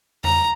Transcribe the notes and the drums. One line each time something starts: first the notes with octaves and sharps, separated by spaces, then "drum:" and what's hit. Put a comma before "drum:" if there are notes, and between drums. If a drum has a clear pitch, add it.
A#5, drum: tom E2